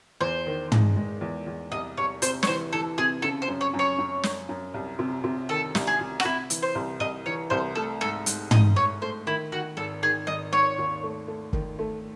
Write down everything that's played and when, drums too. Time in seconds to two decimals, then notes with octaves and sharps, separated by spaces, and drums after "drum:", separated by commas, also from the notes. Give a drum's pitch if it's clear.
0.21 E2 C5
0.46 D#3
0.72 G#3, drum: tom
0.96 G#3
1.21 E2
1.47 E2
1.72 C2 D#5
1.97 C2 C#5
2.22 C3 C5, drum: hi-hat
2.43 C#5, drum: snare
2.47 E3 C5
2.72 E3 A4
2.98 C3 G#4
3.22 C#3 A4
3.42 C5
3.48 F#2
3.61 C#5
3.74 F#2
3.79 C#5
3.98 F#2
4.23 F#2, drum: snare
4.49 F#2
4.74 C2
4.99 C3
5.24 C3
5.49 D#3 A4
5.75 C2, drum: snare
5.87 G#4
6.00 C3
6.20 F#4, drum: rim click
6.25 C3 E4
6.50 E3, drum: hi-hat
6.62 C5
6.75 C2
7.00 C2 D#5
7.26 E3 C#5
7.50 C2 C5
7.75 A3 A4
8.01 G#2 A4
8.26 G#2, drum: hi-hat
8.51 G#2 D#5, drum: tom
8.76 G#2 C#5
9.02 A3 C5
9.27 D#3 E4
9.52 D#3 F#4
9.77 G#1 A4
10.02 D#3 G#4
10.27 G#1 D#5
10.53 G#1 C#5
10.78 D#2
11.03 A3
11.28 A3
11.53 D#3, drum: kick F#1
11.79 A3